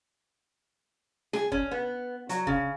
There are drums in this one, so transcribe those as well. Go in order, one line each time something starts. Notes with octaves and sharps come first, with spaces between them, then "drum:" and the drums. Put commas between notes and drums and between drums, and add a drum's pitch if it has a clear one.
G#4, drum: snare
C#4, drum: kick F1
B3
F#3, drum: hi-hat
C#3, drum: kick F1